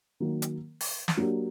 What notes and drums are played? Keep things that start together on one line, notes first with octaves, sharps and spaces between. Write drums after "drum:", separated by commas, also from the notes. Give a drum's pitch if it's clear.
D#3 F#3 A#3
drum: hi-hat
drum: open hi-hat
drum: snare
F#3 A#3 D4 G4